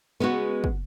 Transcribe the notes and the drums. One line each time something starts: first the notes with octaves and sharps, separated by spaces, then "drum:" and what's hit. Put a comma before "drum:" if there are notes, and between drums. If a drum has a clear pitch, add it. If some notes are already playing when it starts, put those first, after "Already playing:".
C#3 G#3 B3 F#4
drum: kick